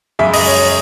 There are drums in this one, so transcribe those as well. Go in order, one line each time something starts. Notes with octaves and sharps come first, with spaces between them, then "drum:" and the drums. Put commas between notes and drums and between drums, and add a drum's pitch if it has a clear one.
F#2 C#3 G#3 E5
D#5, drum: open hi-hat
C#5